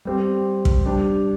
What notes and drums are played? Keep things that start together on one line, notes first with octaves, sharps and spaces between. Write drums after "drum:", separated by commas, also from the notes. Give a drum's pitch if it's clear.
G3 C4 G4
drum: kick
G3 D4 G4